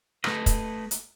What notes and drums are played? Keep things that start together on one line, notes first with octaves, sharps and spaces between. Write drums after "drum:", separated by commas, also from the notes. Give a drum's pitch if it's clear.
A3 B4 D#5, drum: rim click
drum: kick, hi-hat
drum: hi-hat